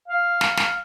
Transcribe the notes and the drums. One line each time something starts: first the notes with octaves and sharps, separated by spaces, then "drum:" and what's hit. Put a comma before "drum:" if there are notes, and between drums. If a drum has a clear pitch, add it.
F5
drum: snare
drum: snare